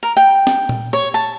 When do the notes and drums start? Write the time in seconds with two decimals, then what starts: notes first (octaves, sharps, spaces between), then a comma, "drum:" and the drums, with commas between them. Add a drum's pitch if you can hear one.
0.03 A#4
0.17 G5
0.47 drum: snare
0.69 drum: tom A#2
0.93 C#5, drum: hi-hat
1.14 A5, drum: hi-hat